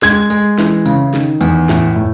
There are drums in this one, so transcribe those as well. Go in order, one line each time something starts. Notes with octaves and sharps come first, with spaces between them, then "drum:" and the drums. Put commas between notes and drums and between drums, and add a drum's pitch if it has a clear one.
G#3 G#6, drum: snare
G#3, drum: tambourine
E3, drum: snare
C#3, drum: tambourine
D#3, drum: snare
E2, drum: tambourine
A2, drum: snare
A2